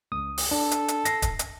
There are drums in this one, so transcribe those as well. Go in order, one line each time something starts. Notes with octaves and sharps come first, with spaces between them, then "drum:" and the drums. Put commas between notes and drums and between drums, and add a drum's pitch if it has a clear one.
C#2 D#6
drum: open hi-hat
D4 A4
drum: hi-hat
drum: hi-hat
A#6 C7, drum: hi-hat
drum: kick D1, hi-hat
drum: hi-hat